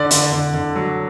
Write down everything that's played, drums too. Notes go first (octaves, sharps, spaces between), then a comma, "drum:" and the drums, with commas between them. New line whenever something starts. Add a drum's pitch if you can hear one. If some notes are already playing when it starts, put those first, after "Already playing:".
Already playing: D3 D5
D3, drum: hi-hat
D3
D3
F#3